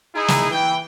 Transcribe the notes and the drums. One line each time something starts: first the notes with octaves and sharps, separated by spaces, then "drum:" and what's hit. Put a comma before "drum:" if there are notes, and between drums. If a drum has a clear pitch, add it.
D#4 E4 G#4
drum: snare
E3 G5